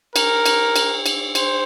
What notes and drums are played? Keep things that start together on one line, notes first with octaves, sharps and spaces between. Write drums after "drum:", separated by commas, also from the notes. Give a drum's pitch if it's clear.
A#4, drum: cymbal
drum: cymbal
drum: cymbal
drum: cymbal
C5, drum: cymbal